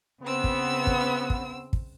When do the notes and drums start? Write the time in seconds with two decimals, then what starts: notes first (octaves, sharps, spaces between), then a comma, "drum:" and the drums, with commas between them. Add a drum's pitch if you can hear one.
0.23 C#3 B3 C4 E6
0.44 drum: kick
0.87 drum: kick
1.30 drum: kick
1.73 drum: kick